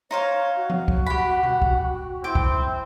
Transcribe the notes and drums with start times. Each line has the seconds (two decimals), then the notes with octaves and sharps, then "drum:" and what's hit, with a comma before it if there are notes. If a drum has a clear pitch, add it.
0.11 D#4 C5 C#5 F5
0.56 F#4
0.70 drum: tom F3
0.88 drum: kick
1.06 G4 F#5 B5
1.43 drum: tom B2
1.62 drum: kick
2.24 C4 E4 G5 D6
2.35 drum: kick